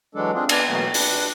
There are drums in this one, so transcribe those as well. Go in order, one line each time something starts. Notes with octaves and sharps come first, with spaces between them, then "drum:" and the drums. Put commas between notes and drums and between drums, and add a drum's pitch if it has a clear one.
E3 F#3 G#3 D4 A4
C4 D4 F4 G#4
B3 D4, drum: cymbal
B2 E3 F#3 A3 A#3
D4 B4, drum: open hi-hat